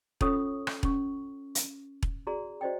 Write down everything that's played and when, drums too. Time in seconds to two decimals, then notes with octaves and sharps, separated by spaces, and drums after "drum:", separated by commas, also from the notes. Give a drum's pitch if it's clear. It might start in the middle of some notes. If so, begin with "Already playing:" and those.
0.21 C#4 F4 A4 C#5 C#6 D#6, drum: kick E1
0.67 drum: rim click
0.83 C#4 C#6, drum: kick E1
1.55 drum: hi-hat
2.03 drum: kick E1
2.27 F#4 G#4 D5 A#5 C6
2.61 F#4 C5 D5 D#5 G5